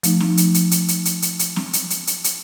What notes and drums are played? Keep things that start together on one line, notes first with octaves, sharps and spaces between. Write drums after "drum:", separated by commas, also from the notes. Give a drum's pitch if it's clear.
F3 A3 D#4, drum: hi-hat
drum: snare C4
drum: hi-hat
drum: hi-hat
drum: hi-hat
drum: hi-hat
drum: hi-hat
drum: hi-hat
drum: hi-hat
drum: snare C4
drum: hi-hat
drum: hi-hat
drum: hi-hat
drum: hi-hat